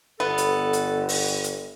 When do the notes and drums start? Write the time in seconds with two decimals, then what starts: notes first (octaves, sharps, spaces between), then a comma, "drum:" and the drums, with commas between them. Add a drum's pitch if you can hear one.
0.20 G1 B3 A4
0.38 drum: hi-hat
0.73 drum: hi-hat
1.09 drum: open hi-hat
1.44 drum: hi-hat